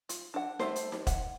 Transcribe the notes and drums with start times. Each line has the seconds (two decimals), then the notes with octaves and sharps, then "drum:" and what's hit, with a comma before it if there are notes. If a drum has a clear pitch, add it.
0.09 F4, drum: hi-hat
0.34 D4 F#5
0.59 G3 A3 C5, drum: snare D#4
0.76 drum: hi-hat
0.92 drum: snare D#4
1.07 F#5, drum: kick E1, hi-hat